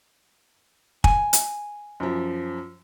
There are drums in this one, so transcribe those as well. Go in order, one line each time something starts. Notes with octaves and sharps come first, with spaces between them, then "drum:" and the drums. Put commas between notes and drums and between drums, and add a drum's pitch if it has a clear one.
G#5, drum: kick
drum: hi-hat
F#2 F3